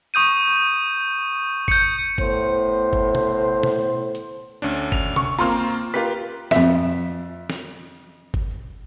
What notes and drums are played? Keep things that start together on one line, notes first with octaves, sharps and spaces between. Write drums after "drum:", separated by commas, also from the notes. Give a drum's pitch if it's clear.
C#6 D#6 G6 D#7
G6 C#7, drum: kick G1
A2 B3 C5, drum: kick G1
drum: kick G1
drum: tom B2
drum: tom B2
drum: hi-hat
D2 C#4 D4
F7, drum: kick G1
C#6, drum: tom C3
A#3 C4 F4 A#5 C6 F6
F4 G4 A#4 B4 B6
F2 E5, drum: snare
drum: snare
drum: kick G1